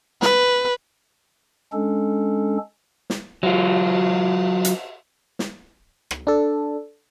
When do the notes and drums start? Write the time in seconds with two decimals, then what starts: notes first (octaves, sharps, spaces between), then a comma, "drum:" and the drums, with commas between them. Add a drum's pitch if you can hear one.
0.22 B4, drum: snare
1.73 G#3 C#4 D4 A4
3.10 drum: snare
3.43 F#3 F4, drum: cymbal
4.65 drum: hi-hat
5.39 drum: snare
6.11 drum: rim click
6.27 D4 A4